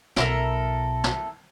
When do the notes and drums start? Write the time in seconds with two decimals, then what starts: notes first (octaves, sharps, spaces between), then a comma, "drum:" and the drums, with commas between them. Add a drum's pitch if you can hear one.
0.16 B1 B2 E4 A4 A#4, drum: snare
1.04 drum: snare